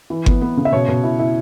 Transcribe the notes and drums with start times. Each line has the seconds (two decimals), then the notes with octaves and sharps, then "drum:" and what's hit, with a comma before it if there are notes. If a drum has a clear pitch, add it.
0.10 E3
0.26 B3, drum: kick G1
0.42 B3
0.57 C#3
0.65 E5
0.72 B2 C#5
0.88 B2
1.04 E4
1.19 E4